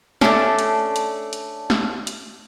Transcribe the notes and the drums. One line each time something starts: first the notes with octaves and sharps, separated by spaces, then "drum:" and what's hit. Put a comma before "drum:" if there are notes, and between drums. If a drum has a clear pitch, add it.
A3 C#4 D4, drum: snare
drum: hi-hat
drum: hi-hat
drum: hi-hat
drum: snare
drum: hi-hat